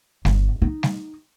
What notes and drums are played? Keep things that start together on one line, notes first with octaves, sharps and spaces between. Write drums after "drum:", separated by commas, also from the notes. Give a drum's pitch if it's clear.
G1, drum: snare G3
D#4
drum: snare G3